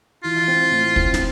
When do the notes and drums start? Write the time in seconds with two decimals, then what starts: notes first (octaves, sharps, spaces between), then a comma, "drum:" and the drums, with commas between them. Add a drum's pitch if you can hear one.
0.24 E3 F4
0.48 C4
0.71 A2
0.96 C4, drum: kick
1.14 drum: snare